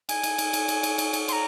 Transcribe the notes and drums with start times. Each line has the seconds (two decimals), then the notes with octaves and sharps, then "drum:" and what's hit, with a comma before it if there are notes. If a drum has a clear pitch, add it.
0.09 G#5, drum: cymbal
0.23 drum: cymbal
0.38 drum: cymbal
0.53 drum: cymbal
0.68 drum: cymbal
0.83 drum: cymbal
0.98 drum: cymbal
1.13 drum: cymbal
1.28 C6, drum: cymbal
1.32 A#5